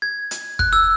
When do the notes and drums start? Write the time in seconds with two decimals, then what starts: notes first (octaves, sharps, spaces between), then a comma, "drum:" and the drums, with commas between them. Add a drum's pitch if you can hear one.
0.02 G#6
0.31 drum: hi-hat
0.59 F#6, drum: kick
0.73 E6